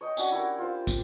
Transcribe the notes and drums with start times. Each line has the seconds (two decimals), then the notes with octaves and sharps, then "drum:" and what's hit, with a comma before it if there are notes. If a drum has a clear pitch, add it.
0.01 C#5 D#5 G5
0.17 C#4 D4 F#4 C#5, drum: tambourine
0.32 E4 G4 A#4
0.59 F4 C5
0.87 drum: kick, tambourine